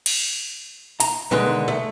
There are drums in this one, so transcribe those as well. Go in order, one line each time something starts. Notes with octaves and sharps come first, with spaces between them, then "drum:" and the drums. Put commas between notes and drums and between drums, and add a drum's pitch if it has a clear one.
drum: cymbal
A#5, drum: hi-hat
B1 D3 D#3 G#3 B4
A3